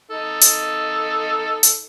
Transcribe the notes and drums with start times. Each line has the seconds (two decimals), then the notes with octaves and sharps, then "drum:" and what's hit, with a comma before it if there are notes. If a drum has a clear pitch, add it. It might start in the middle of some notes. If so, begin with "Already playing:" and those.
0.11 D#4 A4
0.41 drum: hi-hat
1.63 drum: hi-hat